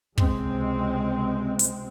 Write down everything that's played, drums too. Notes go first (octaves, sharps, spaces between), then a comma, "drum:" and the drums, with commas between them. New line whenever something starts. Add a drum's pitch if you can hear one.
C#2 C3 G#3 C4, drum: kick
G#3 C4, drum: hi-hat